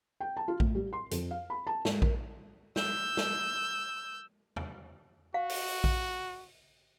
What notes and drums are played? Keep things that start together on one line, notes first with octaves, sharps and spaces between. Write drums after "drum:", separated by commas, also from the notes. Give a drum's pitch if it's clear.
G5
A5
F4
A2, drum: kick A#1
G3
C6
F2, drum: hi-hat
F5
B5
A5
G#2, drum: snare
A#4, drum: kick A#1
E6 G6, drum: snare
drum: snare
drum: tom E2
F#4 F5
drum: open hi-hat
drum: kick A#1